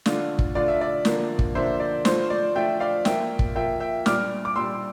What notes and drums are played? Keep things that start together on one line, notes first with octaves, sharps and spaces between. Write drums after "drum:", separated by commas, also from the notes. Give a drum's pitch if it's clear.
D3 A3 D4 F4, drum: snare
drum: kick
D3 A3 D4 F4 D5
E5
D5
D3 F3 A#3 D4, drum: snare
drum: kick
D3 F3 A#3 D4 C5 E5
D5
F3 A3 D4 F4 C5, drum: snare
D5
F3 A3 D4 F4 E5 G5
D5 F5
F3 A#3 F4 E5 G5, drum: snare
drum: kick
F3 A#3 F4 E5 G5
E5 G5
A#2 G3 D4 D6 F6, drum: snare
D6
A#2 G3 D4 C6 E6